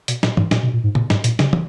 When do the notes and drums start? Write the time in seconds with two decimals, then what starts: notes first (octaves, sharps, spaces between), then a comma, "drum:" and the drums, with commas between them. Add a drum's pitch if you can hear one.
0.08 B2, drum: hi-hat
0.23 A#2, drum: snare
0.37 G#2, drum: tom
0.51 A#2, drum: snare
0.63 B2
0.73 A#2
0.84 G#2
0.95 A#2, drum: tom
1.10 G#2, drum: snare
1.24 A#2, drum: hi-hat
1.39 C#3, drum: snare
1.53 drum: tom